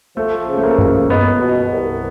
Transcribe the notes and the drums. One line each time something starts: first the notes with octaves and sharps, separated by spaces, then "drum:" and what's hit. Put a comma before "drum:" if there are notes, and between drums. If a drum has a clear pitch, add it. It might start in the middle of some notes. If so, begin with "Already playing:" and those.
F3 A3
C#3
A3
A#3
C#2, drum: tom G2
G#3 B3
B2
C2